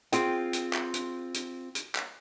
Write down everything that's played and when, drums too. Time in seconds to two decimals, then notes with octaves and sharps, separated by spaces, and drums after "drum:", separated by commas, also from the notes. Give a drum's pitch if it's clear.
0.12 C4 F4 G#4 G5, drum: hi-hat
0.53 drum: hi-hat
0.73 drum: clap
0.94 drum: hi-hat
1.34 drum: hi-hat
1.75 drum: hi-hat
1.95 drum: clap